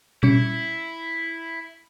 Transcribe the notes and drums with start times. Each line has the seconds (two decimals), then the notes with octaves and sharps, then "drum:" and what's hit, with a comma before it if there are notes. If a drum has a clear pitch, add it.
0.23 G3 C#4 E4 C#7, drum: tom A#2